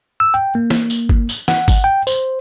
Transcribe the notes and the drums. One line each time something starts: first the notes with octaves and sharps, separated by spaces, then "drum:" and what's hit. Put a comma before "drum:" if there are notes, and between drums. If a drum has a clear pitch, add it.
E6
G5
A#3
drum: snare
drum: tambourine
drum: kick G1
drum: tambourine
F#5, drum: snare
drum: kick G1, tambourine
G5
C5, drum: tambourine